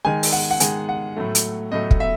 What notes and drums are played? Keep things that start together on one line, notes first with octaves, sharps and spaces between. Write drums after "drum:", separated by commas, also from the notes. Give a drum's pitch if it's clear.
D#3 G#3 G#5
drum: open hi-hat
F#5
F#5
D#3 G#3 G#5, drum: hi-hat
F#5
A2 F#3 A3
drum: hi-hat
A2 F#3 A3 D#5
drum: kick
E5